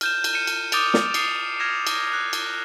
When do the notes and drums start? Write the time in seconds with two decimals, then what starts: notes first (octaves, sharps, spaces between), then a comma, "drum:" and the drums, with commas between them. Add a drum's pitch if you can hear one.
0.01 F6 G6 E7, drum: cymbal
0.24 drum: cymbal
0.33 C#7 D#7 E7
0.47 drum: cymbal
0.72 D6 D#6 G6 A6 D7 F7, drum: cymbal
0.94 drum: snare
1.14 D#6 C7 C#7, drum: cymbal
1.60 F6 G#6 A#6 E7
1.87 drum: cymbal
2.13 F#6
2.33 drum: cymbal